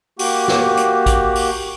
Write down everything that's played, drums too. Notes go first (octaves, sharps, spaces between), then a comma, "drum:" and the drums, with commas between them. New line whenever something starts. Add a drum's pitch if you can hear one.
A#3 F#4 G4, drum: open hi-hat
drum: snare
drum: hi-hat
drum: kick A#1, hi-hat
drum: open hi-hat